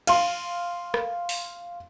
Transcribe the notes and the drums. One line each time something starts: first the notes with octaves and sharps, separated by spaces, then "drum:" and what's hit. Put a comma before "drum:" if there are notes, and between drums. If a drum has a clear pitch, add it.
F5 C6, drum: cymbal
drum: rim click
drum: open hi-hat